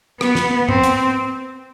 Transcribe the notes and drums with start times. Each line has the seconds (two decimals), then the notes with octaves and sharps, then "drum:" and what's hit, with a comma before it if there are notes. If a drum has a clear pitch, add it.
0.21 B3, drum: rim click
0.35 drum: snare
0.69 C4, drum: tom G#2
0.83 drum: hi-hat